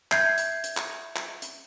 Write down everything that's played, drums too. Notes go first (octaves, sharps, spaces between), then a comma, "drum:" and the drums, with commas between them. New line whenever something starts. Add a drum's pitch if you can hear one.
E5 G6 G#6 C7, drum: clap
drum: hi-hat
drum: hi-hat
drum: clap
drum: clap
drum: hi-hat